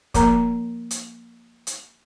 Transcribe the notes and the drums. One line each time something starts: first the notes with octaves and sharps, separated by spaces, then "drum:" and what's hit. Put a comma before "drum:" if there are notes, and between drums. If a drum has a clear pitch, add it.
F3 A#3 A#4 A#5, drum: kick, hi-hat
drum: hi-hat
drum: hi-hat